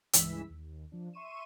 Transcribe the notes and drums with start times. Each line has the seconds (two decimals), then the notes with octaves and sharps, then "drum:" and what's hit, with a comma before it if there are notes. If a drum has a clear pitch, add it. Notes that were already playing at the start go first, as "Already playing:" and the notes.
0.13 C#2 G2 E3 G#3 E6 B6, drum: hi-hat
0.50 D#2
0.92 F3 D4
1.13 E5 C6 C#6 D#7 E7